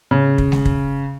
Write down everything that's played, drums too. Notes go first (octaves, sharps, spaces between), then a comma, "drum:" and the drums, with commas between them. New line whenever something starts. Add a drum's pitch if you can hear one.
C#3
drum: kick
drum: snare G#3
drum: kick